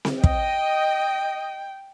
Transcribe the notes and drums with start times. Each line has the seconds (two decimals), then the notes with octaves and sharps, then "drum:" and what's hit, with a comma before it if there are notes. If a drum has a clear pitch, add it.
0.05 drum: snare C4
0.24 D#5 G5, drum: kick